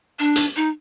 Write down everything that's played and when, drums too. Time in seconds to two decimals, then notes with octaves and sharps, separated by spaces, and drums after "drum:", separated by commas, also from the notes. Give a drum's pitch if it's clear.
0.19 D4
0.36 drum: hi-hat
0.56 D#4